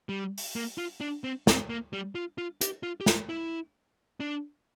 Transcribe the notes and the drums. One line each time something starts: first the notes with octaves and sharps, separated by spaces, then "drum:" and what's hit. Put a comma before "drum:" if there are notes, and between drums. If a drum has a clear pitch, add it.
G3
drum: open hi-hat
A#3
F4
D4
C4
C4, drum: snare
A#3
G3
F4
F4
G4, drum: hi-hat
F4
G4
F4, drum: snare
E4
D4